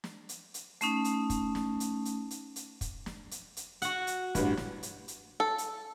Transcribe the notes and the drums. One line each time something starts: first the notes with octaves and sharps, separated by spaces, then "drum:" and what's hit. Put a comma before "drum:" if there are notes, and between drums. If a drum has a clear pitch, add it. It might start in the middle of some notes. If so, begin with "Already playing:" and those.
drum: snare
drum: hi-hat
drum: hi-hat
A3 C#4 D#4, drum: hi-hat
drum: hi-hat
drum: kick, hi-hat
drum: snare
drum: hi-hat
drum: hi-hat
drum: hi-hat
drum: hi-hat
drum: kick, hi-hat
drum: snare
drum: hi-hat
drum: hi-hat
F#4 F#5, drum: hi-hat
drum: hi-hat
A1 G2, drum: kick, hi-hat
drum: snare
drum: hi-hat
drum: hi-hat
A4
drum: hi-hat